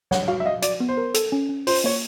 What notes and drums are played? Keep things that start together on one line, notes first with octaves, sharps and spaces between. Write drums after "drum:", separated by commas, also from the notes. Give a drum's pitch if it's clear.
C#5 F#5, drum: snare
F#4 F5
E5
D#5 F5
F#4 D5, drum: hi-hat
B3
C5
A#4
A4, drum: hi-hat
C#4
C#4
F4 C5, drum: open hi-hat
A#3 C#5